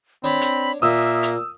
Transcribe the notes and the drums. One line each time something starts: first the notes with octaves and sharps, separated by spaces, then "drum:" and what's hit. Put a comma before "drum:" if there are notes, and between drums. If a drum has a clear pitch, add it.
C4 D4 C#5 B5
drum: hi-hat
A#2 A#3 E5 D#6 E6
drum: hi-hat